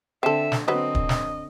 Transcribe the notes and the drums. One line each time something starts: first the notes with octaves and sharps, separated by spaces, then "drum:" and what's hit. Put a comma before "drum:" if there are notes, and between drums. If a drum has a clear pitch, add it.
D3 C4 A4 E5
drum: snare
D3 F#3 C4 B4 C5 D#5
drum: kick
drum: snare